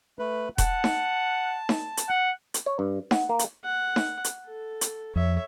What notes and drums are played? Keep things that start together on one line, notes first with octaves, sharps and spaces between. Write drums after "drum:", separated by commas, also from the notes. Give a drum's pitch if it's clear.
A3 B4
F#5 A5, drum: kick E1, hi-hat
drum: snare D#4
drum: snare D#4
drum: hi-hat
F#5
drum: hi-hat
C#5
G2
F#5, drum: snare D#4
A#3
drum: hi-hat
F#5
drum: snare D#4
drum: hi-hat
A4
drum: hi-hat
F2 C#5 E5